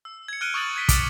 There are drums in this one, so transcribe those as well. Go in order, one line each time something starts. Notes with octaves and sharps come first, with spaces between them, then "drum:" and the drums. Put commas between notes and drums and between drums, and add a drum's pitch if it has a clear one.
E6
G#6 C#7
F6 F#6 G#6 D7 D#7 G7
C#6 D#6 G#6 A6 F#7
G#6 B6 D7
D6 D#6 F6 A6 C#7 D#7, drum: kick, hi-hat